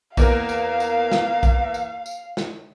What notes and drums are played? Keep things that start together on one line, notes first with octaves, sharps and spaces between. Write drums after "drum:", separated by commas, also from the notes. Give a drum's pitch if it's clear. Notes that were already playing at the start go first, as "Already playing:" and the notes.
E2 A#3 A#4 F5, drum: kick B1, tambourine
drum: tambourine
drum: tambourine
drum: snare
drum: kick B1, tambourine
drum: tambourine
drum: tambourine
drum: snare